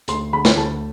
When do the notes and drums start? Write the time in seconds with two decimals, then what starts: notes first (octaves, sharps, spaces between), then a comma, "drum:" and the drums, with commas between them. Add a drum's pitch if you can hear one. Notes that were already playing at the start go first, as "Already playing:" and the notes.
0.08 D2 C6, drum: hi-hat
0.33 D3 B5
0.45 drum: snare
0.57 D2 A5